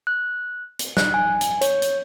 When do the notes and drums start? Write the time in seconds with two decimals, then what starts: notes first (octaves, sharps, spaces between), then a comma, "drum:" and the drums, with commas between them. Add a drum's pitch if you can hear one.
0.07 F#6
0.79 drum: hi-hat
0.97 F#6, drum: snare
1.14 G#5
1.41 drum: hi-hat
1.61 C#5, drum: hi-hat
1.82 drum: hi-hat